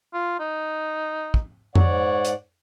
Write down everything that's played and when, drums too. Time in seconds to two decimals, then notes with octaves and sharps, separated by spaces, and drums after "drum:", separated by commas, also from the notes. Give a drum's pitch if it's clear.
0.14 F4
0.40 D#4
1.34 drum: kick
1.75 G#2 C#5 D5 F#5, drum: tom F2
2.25 drum: hi-hat